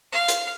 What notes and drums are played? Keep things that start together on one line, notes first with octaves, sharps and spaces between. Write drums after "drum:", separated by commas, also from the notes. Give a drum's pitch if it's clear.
F5
drum: hi-hat